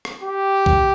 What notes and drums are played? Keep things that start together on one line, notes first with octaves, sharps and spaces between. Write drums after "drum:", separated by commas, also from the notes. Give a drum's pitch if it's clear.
drum: rim click
G4
drum: kick B1